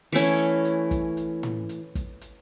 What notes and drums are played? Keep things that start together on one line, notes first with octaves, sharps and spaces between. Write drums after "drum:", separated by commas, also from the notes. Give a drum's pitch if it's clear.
E3 A3 C#4 E4, drum: hi-hat
drum: hi-hat
drum: kick, hi-hat
drum: hi-hat
drum: tom
drum: hi-hat
drum: kick, hi-hat
drum: hi-hat